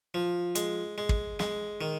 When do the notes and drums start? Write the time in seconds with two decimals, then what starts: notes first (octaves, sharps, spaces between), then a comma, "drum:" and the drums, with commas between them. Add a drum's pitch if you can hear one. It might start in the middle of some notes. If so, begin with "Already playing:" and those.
0.14 F3
0.55 G#3, drum: hi-hat
0.98 G#3
1.09 drum: kick
1.39 G#3, drum: snare
1.81 D#3